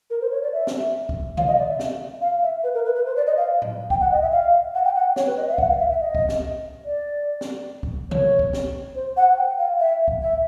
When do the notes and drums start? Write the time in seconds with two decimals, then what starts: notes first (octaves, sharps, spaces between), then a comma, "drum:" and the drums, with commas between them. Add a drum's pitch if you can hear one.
0.10 A#4
0.21 C5
0.32 C#5
0.43 D5
0.53 E5
0.67 drum: snare
1.09 drum: kick
1.37 F5, drum: tom B2
1.48 D#5
1.58 D5
1.69 E5
1.79 drum: snare
2.22 F5
2.43 E5
2.64 B4
2.74 A#4
2.85 B4
2.95 B4
3.06 C5
3.16 D5
3.27 D#5
3.37 F5
3.62 drum: tom A2
3.90 G5, drum: kick
4.01 F#5
4.12 D#5
4.22 E5
4.32 F5
4.75 F#5
4.85 G5
4.95 F#5
5.16 C#5, drum: snare
5.27 B4
5.37 D#5
5.48 E5
5.53 F5
5.58 F#5, drum: kick
5.69 F5
5.79 E5
5.90 E5
6.00 D#5
6.15 drum: kick
6.29 drum: snare
6.85 D5
7.41 drum: snare
7.83 drum: kick
8.11 C#5, drum: tom B2
8.39 drum: kick
8.53 drum: snare
8.95 C5
9.17 F#5
9.38 G5
9.58 F5
9.80 E5
10.08 drum: kick
10.22 E5